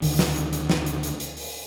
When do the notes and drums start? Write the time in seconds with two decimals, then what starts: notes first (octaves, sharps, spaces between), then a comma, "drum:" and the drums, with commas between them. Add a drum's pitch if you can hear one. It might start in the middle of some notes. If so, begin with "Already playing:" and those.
0.02 D2 D3 D#3, drum: open hi-hat
0.19 drum: snare
0.36 drum: hi-hat
0.53 drum: hi-hat
0.69 drum: snare
0.86 drum: hi-hat
1.03 drum: hi-hat
1.20 drum: hi-hat
1.37 drum: open hi-hat